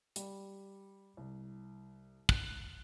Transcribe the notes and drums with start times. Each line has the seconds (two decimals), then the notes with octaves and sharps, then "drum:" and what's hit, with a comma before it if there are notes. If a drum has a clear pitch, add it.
0.16 G3, drum: hi-hat
1.17 C2
2.29 F#6, drum: kick